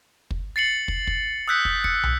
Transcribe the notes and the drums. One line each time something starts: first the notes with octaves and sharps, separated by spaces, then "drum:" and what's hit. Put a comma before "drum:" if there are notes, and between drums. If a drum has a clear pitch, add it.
drum: kick
A6 C7 C#7 F#7
drum: kick
drum: kick
D#6 E6 F#6 G6 B6 C#7
drum: kick
C#7, drum: kick
drum: tom